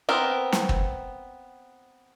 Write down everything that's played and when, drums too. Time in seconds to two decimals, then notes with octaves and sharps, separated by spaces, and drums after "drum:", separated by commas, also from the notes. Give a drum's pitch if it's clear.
0.09 B3 C4 A#4
0.52 drum: snare
0.69 drum: kick